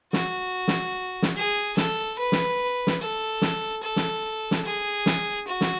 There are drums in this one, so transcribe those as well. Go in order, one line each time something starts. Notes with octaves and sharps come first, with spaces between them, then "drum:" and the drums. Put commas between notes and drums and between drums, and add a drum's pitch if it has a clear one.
F#4, drum: snare
drum: snare
drum: snare
G#4
A4, drum: snare
B4
drum: snare
drum: snare
A4
drum: snare
A4
drum: snare
drum: snare
G#4
drum: snare
F#4
drum: snare